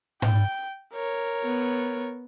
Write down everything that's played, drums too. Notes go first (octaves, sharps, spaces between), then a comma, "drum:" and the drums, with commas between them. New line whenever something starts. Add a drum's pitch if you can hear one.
G5, drum: tom G#2
A#4 C#5
B3